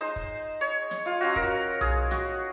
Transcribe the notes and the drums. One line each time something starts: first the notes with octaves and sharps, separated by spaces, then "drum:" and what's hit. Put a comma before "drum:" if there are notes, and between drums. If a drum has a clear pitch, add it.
G#3 D#4 C5
drum: kick
C#5
drum: snare
F4
F#3 C#4 F4 F#4
A#4, drum: kick
G#4, drum: tom B1
F#4, drum: snare